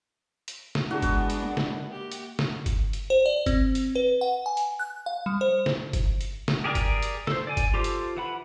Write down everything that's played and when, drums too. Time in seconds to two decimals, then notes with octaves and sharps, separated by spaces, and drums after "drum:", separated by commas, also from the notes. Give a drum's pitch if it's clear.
0.48 drum: hi-hat
0.75 drum: snare
0.91 G#3 B3 D4 E4 F#4 G#4
1.02 drum: kick F#1, hi-hat
1.30 drum: hi-hat
1.43 A#3
1.57 drum: snare
1.92 G4
2.12 drum: hi-hat
2.39 drum: snare
2.66 drum: kick F#1, hi-hat
2.93 drum: hi-hat
3.10 C5
3.26 D5
3.46 C4, drum: kick F#1, hi-hat
3.75 drum: hi-hat
3.95 B4
4.21 F#5
4.46 G#5
4.57 drum: hi-hat
4.79 F#6
5.06 F5
5.26 G3
5.41 C5
5.66 drum: snare
5.93 drum: kick F#1, hi-hat
6.21 drum: hi-hat
6.48 drum: snare
6.64 G4 G#4 A#4 D5 G5
6.75 drum: kick F#1, hi-hat
7.02 drum: hi-hat
7.27 A4 C5, drum: snare
7.47 D5 G#5
7.57 drum: kick F#1, hi-hat
7.74 F4 G4 A4 C5
7.84 drum: hi-hat
8.17 E3 F#5 B5